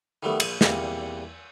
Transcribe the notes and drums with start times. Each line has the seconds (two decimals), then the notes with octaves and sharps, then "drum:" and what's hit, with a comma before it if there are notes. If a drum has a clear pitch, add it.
0.23 D#3 F#3 G3 A3 B3
0.40 A#1, drum: cymbal
0.61 E2 A#2 G3 C4, drum: snare